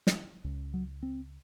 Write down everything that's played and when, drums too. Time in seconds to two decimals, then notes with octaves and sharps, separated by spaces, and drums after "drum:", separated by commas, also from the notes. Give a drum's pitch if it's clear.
0.07 drum: snare
0.44 C#2 C#3
0.74 F#3
1.03 C4